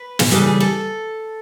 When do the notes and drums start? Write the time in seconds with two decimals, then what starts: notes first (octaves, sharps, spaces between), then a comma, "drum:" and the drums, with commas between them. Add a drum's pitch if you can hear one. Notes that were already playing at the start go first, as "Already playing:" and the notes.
Already playing: B4
0.19 drum: snare
0.31 D#2 C#3 E3 G3 A4
0.46 G#4
0.60 A4